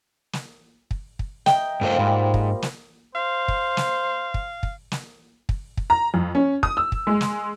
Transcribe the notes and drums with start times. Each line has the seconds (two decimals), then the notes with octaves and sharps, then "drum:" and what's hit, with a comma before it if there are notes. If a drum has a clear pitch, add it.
0.33 drum: snare
0.91 drum: kick
1.19 drum: kick
1.46 D#5 E5 G5 A#5, drum: snare
1.81 G2 F3 A3 A#3 A#4 C5
1.99 G#2 G3 C5
2.34 drum: kick
2.62 drum: snare
3.15 C5 F5
3.48 drum: kick
3.77 drum: snare
4.34 drum: kick
4.63 drum: kick
4.92 drum: snare
5.49 drum: kick
5.77 drum: kick
5.90 A#5
6.14 F2
6.35 C#4
6.63 D#6, drum: kick
6.77 E6
6.92 drum: kick
7.07 G#3
7.21 drum: snare